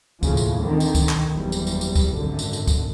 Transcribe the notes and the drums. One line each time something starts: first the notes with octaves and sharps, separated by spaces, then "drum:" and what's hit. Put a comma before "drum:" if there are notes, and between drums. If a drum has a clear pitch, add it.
D#2 A2 C#3 F3, drum: kick C#2, tambourine
drum: tambourine
D3 D#3 C4
drum: tambourine
drum: kick C#2, tambourine
drum: clap
F#1 E2 G3
drum: tambourine
drum: tambourine
drum: tambourine
drum: kick C#2, tambourine
G#1 F#2 D3
drum: tambourine
drum: tambourine
drum: kick C#2, tambourine